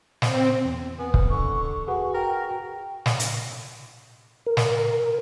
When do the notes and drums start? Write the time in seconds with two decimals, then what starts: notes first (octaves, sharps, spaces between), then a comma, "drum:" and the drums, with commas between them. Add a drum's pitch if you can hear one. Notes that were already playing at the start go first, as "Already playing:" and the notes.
0.22 C4, drum: snare
0.65 E2
0.99 B3 G#5
1.14 drum: kick
1.30 D3 C#6
1.88 F#4 G#4 B4 F#5
2.14 A#4 G5
3.06 drum: snare
3.19 drum: hi-hat
4.46 A#4
4.57 drum: snare